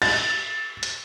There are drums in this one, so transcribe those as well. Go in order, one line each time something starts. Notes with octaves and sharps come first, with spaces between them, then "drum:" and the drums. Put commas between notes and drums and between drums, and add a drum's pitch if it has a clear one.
A6, drum: cymbal
drum: hi-hat